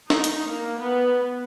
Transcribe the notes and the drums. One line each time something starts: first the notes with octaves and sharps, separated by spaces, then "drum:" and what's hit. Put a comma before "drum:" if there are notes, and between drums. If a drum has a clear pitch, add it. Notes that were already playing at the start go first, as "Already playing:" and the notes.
D#4, drum: snare
drum: hi-hat
A#3
B3